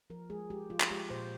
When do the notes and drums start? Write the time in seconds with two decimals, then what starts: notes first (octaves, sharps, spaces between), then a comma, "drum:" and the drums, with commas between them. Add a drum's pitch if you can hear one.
0.10 F3 A#4
0.30 G#3 G#4
0.50 G#3 G4
0.70 F3 F4
0.80 drum: clap
0.90 G#3 G4
1.10 A#2 C5